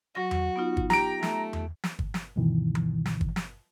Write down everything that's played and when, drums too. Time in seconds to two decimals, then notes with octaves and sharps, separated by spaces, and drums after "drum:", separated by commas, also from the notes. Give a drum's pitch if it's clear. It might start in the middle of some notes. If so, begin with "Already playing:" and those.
0.15 F#3 F#4 C#6 A#6
0.31 drum: tom E2
0.56 B3 D#4 F4
0.77 drum: kick G1
0.90 G4 A#5 D7, drum: snare
1.23 A3, drum: snare
1.53 drum: tom E2
1.84 drum: snare
1.99 drum: kick G1
2.14 drum: snare
2.36 D2 G2 B2 D#3 E3
2.75 drum: tom E3
3.06 drum: snare
3.21 drum: kick G1
3.36 drum: snare